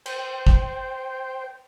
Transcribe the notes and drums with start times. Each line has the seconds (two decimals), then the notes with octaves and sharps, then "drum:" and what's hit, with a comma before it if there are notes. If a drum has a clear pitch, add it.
0.06 C5 G5, drum: cymbal
0.47 drum: kick